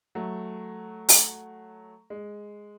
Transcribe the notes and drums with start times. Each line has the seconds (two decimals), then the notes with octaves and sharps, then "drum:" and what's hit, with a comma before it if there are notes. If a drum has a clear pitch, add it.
0.15 F#3 A3
1.09 drum: open hi-hat
2.10 G#3